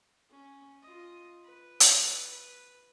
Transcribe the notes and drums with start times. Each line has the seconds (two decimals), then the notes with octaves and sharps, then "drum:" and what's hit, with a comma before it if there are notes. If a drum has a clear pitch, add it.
0.30 C#4
0.82 F4 D#5
1.43 B4
1.80 drum: hi-hat
2.31 B4